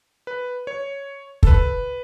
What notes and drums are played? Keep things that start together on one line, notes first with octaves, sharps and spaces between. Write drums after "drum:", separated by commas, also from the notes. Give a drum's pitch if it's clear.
B4
C#5
A4, drum: kick
B4